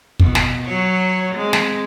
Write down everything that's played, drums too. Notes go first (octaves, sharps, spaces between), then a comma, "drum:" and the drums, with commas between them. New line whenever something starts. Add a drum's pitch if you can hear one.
B2, drum: kick
drum: snare
F#3 C#5
G#3 C4
drum: snare